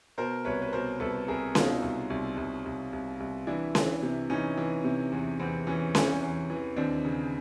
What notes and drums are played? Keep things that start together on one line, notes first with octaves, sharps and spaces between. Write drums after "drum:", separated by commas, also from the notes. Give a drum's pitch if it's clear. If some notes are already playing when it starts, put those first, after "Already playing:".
B2 A#4 C5
C2 B4 C#5
B4
B2 A#4 C5
C2 A4 B4
C2 G#4 A#4
B2 D#4 F4, drum: snare C#4
C2
C2
C2
C2
C2
C2
E3 D4 E4
E3, drum: snare C#4
C3
E3 C#4 D#4
E3
C3
E2
E2 C4
E3 C#4
E3 C#4, drum: snare C#4
E2
E3
D#2 C4 D4
C#3